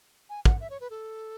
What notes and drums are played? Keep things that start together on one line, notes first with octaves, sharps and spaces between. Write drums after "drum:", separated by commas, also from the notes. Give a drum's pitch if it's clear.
G#5
F#5, drum: kick
E5
C#5
B4
A4